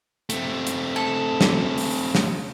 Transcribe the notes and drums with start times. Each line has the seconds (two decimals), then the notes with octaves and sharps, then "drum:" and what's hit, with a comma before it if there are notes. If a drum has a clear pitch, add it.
0.30 A3 C4, drum: hi-hat
0.67 drum: hi-hat
0.96 A4
1.41 drum: snare
1.78 drum: open hi-hat
2.15 drum: snare